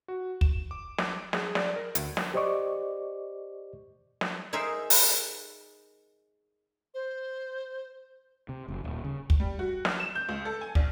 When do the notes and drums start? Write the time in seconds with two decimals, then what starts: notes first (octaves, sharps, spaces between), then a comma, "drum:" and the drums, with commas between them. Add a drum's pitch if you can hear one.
0.08 F#4
0.41 E7, drum: kick
0.71 D6
0.98 D6, drum: snare
1.33 G#4, drum: snare
1.55 D5, drum: snare
1.76 A#4
1.95 D2, drum: hi-hat
2.17 drum: snare
2.34 G4 C5 D5 D#5 C#6 D6
4.21 drum: snare
4.53 D#4 G#4 A#4 C5 D#5 E5
4.90 drum: open hi-hat
6.94 C5
8.49 C3
8.68 F#1
8.84 D#1
9.04 C#3
9.30 drum: kick
9.40 G3
9.59 F#4
9.85 F6, drum: snare
10.00 E7
10.15 G6
10.29 C#2
10.45 A4
10.61 G#5
10.75 A#1, drum: kick